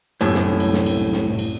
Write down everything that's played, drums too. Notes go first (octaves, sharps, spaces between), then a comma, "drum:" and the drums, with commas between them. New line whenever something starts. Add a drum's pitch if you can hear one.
C2 F#2 A2, drum: cymbal
drum: snare
drum: cymbal
drum: snare
drum: cymbal
drum: snare
drum: cymbal